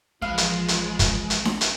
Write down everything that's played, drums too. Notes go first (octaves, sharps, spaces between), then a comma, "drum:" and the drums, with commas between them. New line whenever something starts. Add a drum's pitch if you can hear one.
A1 F3 G#3 B4 F5
drum: hi-hat
drum: hi-hat
drum: kick, hi-hat
drum: hi-hat
drum: snare D4
drum: hi-hat